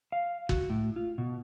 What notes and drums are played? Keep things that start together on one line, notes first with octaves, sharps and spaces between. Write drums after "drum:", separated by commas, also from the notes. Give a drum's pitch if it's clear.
F5
F#4, drum: kick
A2
F4
B2